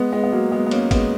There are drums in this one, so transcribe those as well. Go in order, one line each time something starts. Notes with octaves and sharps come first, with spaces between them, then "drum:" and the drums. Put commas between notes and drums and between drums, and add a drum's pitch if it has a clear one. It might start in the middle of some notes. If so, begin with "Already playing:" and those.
Already playing: G#3 B3
G#3 B3
B3
F#3 A#3
G#3 B3
B3
A#3 C#4, drum: cymbal
G#3 B3, drum: kick, cymbal